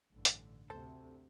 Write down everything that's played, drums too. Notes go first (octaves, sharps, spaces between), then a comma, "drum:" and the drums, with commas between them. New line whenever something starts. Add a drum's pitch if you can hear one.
A1 G2 D3
drum: hi-hat
D2 C3 A4 C5 A5